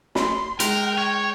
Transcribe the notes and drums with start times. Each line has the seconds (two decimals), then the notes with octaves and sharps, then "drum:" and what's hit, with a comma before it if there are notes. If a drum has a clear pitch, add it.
0.15 B5 C6, drum: snare
0.60 G#3 A#4 G5, drum: hi-hat
0.98 C#5